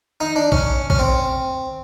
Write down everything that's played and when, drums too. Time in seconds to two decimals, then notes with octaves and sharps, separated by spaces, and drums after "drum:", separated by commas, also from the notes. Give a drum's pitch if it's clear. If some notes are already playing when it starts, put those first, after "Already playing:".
0.21 D#4
0.36 D4
0.52 C#4, drum: kick A1
0.90 C#4, drum: kick A1
0.99 C4